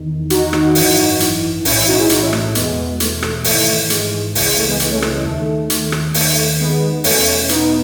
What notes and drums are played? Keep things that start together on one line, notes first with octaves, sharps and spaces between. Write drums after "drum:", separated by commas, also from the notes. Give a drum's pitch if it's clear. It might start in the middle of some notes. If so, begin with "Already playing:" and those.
Already playing: E2 D#3
D#4 F#4, drum: hi-hat
drum: rim click
G#1 F#2 E3, drum: open hi-hat
drum: hi-hat
B1 A2 E3 C#4 E4, drum: open hi-hat
C#4 E4
D#4 F#4
E4 G#4
D#4 F#4, drum: hi-hat
C#4 E4
A3, drum: rim click
A3
E2 B2 G#3 B3, drum: hi-hat
A3, drum: hi-hat
drum: rim click
G#1 G#2 E3 A3, drum: open hi-hat
G#3, drum: hi-hat
C#2 C#3 E3 G#3, drum: open hi-hat
G#3
A3
G#3 B3
G#3, drum: hi-hat
A3 C#4
A3, drum: rim click
G#3
D#2 D#3 A3
drum: hi-hat
drum: rim click
D#2 D#3 A3, drum: open hi-hat
G#3 B3
E2 B2 A3 C#4, drum: open hi-hat
B3 D#4, drum: hi-hat